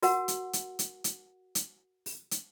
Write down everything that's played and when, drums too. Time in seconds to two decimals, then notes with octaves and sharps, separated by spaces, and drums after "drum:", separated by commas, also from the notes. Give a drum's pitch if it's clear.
0.02 F#4 A#4 F#5, drum: open hi-hat
0.28 drum: hi-hat
0.53 drum: hi-hat
0.79 drum: hi-hat
1.04 drum: hi-hat
1.55 drum: hi-hat
2.06 drum: open hi-hat
2.31 drum: hi-hat